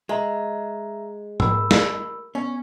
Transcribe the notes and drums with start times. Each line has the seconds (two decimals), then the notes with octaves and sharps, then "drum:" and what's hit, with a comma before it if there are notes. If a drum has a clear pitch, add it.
0.09 G#3 E5 A#5
1.40 A#4 B5 E6, drum: tom G#2
1.71 drum: snare
2.35 B3 C#4